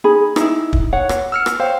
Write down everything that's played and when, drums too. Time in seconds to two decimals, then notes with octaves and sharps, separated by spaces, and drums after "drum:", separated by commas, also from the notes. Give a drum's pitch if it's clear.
0.04 D#4 G#4 B5
0.36 D#4 E4, drum: rim click
0.73 drum: kick
0.93 C#5 F#5
1.09 drum: rim click
1.32 E6 F6 C#7
1.46 drum: rim click
1.60 C5 C#5 F5 G5